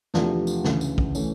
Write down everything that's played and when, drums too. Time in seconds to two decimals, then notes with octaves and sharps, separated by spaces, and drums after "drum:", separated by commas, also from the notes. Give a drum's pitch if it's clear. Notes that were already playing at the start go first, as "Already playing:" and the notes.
0.14 E2 C3 F3 A3 D4, drum: snare
0.47 drum: tambourine
0.64 D2 C#3 E3, drum: snare
0.81 drum: tambourine
0.98 drum: kick A#1
1.15 E3 A3 C#4, drum: tambourine